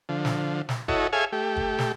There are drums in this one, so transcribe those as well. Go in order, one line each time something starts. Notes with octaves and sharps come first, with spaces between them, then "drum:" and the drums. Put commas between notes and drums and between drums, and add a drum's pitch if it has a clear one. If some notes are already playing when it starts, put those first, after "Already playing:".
D3 F3
drum: snare
drum: snare
E4 F#4 A4 C#5 D#5, drum: kick
G#4 A4 C#5 E5 F5 G#5
A3 G4
drum: kick
drum: snare